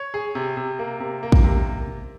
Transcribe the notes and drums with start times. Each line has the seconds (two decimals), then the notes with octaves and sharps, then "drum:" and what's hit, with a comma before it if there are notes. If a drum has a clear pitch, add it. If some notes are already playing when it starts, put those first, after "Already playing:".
Already playing: C#5
0.14 G#4
0.35 C3
0.57 C3
0.79 A#3
1.00 C3
1.23 A#3
1.32 drum: kick
1.44 C3